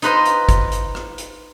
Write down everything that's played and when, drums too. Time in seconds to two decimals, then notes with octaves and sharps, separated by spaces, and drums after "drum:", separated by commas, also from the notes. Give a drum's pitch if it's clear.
0.02 D#4 F4 B4 C5 D#5, drum: hi-hat
0.25 drum: hi-hat
0.49 drum: kick G1, hi-hat
0.72 drum: hi-hat
0.95 drum: rim click
1.18 drum: hi-hat